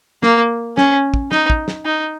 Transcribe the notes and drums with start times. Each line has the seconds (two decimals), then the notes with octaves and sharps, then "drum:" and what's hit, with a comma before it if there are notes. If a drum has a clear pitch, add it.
0.23 A#3, drum: snare
0.78 C#4, drum: snare
1.14 drum: kick
1.32 D#4, drum: snare
1.50 drum: kick
1.68 drum: snare
1.86 D#4